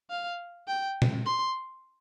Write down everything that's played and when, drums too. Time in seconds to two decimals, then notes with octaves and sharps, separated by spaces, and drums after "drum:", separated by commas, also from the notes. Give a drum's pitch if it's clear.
0.11 F5
0.68 G5
1.02 drum: tom
1.26 C6